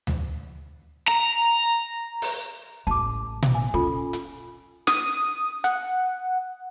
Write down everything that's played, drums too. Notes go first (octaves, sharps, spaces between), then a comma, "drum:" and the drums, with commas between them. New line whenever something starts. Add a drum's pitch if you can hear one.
drum: tom D2
A#5, drum: hi-hat
drum: open hi-hat
A1 A2 A5 D6
drum: tom A#2
G#5
C#4 F4 A4
drum: hi-hat
D#6, drum: snare
F#5, drum: hi-hat